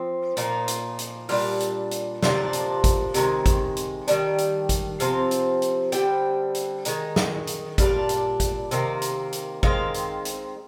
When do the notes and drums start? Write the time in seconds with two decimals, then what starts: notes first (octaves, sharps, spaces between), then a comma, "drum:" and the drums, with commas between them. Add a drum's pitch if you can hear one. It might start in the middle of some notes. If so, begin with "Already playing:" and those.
Already playing: F3 C4
0.37 A#2 F3 A#3 D#4, drum: hi-hat
0.68 drum: hi-hat
0.99 drum: hi-hat
1.29 A#2 G3 D4 F5, drum: open hi-hat
1.60 drum: hi-hat
1.91 drum: hi-hat
2.23 C3 F3 A#3 D4, drum: snare
2.53 drum: hi-hat
2.84 drum: kick G#1, hi-hat
3.14 C3 D#3 G#3, drum: hi-hat
3.46 drum: kick G#1, hi-hat
3.77 drum: hi-hat
4.08 D#3 G3 D4, drum: hi-hat
4.38 drum: hi-hat
4.69 drum: kick G#1, hi-hat
5.00 C3 F3 C4 F5, drum: hi-hat
5.31 drum: hi-hat
5.62 drum: hi-hat
5.92 D3 G3 C4 G5, drum: hi-hat
6.55 drum: hi-hat
6.85 D#3 G#3 D#4, drum: hi-hat
7.16 drum: snare
7.47 drum: hi-hat
7.78 A#2 G3 D4 F5, drum: kick G#1, hi-hat
8.09 drum: hi-hat
8.40 drum: kick G#1, hi-hat
8.71 C3 D#3 A#3, drum: hi-hat
9.02 drum: hi-hat
9.32 drum: hi-hat
9.63 D#3 G#3 C4 F5, drum: kick G#1
9.94 drum: hi-hat
10.25 drum: hi-hat